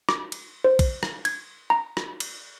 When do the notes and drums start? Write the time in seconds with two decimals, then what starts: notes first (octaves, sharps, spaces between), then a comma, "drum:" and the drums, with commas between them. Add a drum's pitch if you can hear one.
0.09 D6, drum: rim click
0.32 drum: cymbal
0.64 C5
0.79 drum: kick, cymbal
1.03 drum: rim click
1.25 G#6, drum: cymbal
1.70 A#5
1.97 drum: rim click
2.20 drum: cymbal